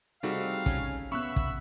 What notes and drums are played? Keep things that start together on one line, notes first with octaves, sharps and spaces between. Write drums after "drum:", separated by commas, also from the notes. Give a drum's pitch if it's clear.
C3 G3 C4 D#4 F#4 G#4 A4 F5
C#4, drum: kick
B3 C#4 E5 B5 C#6 E6 F#6
drum: kick